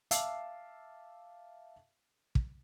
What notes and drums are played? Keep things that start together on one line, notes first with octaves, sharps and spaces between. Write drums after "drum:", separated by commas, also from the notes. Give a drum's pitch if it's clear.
E5 F5 A5 D6 E6 C7, drum: hi-hat
drum: kick